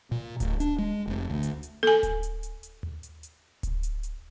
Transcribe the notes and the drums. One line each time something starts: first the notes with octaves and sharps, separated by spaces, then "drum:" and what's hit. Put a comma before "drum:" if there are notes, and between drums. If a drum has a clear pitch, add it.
A#2
D1, drum: kick D1, hi-hat
D4, drum: hi-hat
G#3
F1
D2
drum: hi-hat
drum: hi-hat
A4 G#5, drum: tom A#3
drum: kick D1, hi-hat
drum: hi-hat
drum: hi-hat
drum: hi-hat
drum: tom D#2
drum: hi-hat
drum: hi-hat
drum: kick D1, hi-hat
drum: hi-hat
drum: hi-hat